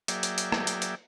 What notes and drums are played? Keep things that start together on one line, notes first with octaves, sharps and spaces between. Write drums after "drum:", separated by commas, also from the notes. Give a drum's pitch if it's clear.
F#3 A#3 G#4 D5 E5 G5, drum: hi-hat
drum: hi-hat
drum: hi-hat
drum: rim click
drum: hi-hat
drum: hi-hat